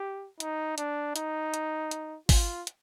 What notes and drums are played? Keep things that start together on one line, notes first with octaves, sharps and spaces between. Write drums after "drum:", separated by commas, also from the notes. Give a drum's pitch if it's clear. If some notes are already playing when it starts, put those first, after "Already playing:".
Already playing: G4
D#4, drum: hi-hat
D4, drum: hi-hat
D#4, drum: hi-hat
drum: hi-hat
drum: hi-hat
F4, drum: kick, open hi-hat
drum: hi-hat